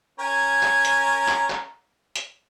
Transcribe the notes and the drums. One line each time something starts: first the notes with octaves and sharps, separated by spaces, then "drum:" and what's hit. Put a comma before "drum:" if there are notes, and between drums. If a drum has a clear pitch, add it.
C#4 A#4 G#5
drum: clap
drum: hi-hat
drum: clap
drum: clap
drum: hi-hat